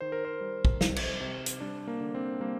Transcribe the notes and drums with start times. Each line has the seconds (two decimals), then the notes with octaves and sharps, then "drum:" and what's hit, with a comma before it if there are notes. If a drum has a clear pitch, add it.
0.01 D#3 C5
0.12 A#4
0.25 C5
0.41 G3
0.65 drum: kick
0.81 C3, drum: snare
0.96 drum: cymbal
1.21 C3
1.46 drum: hi-hat
1.60 G3 D4
1.87 A#3
2.01 D3
2.15 C4
2.41 G3 A#3